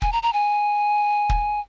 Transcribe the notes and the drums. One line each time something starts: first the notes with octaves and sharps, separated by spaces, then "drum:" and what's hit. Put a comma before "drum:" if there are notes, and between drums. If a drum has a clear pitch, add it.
G#5, drum: kick
A#5
A#5
G#5
drum: kick